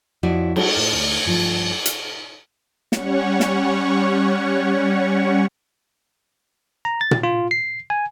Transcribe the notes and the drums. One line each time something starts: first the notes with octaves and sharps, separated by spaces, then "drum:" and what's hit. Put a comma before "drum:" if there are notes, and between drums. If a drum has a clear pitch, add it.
F2 F3 E4 F#4 C#5 D5
G3 G#3 F#4, drum: cymbal
A2
D2
G2 F3
drum: hi-hat
G3 C#4 C#5 F#5 C#6, drum: snare
drum: snare
A#5
A6
drum: tom A#2
F4
C7
G#5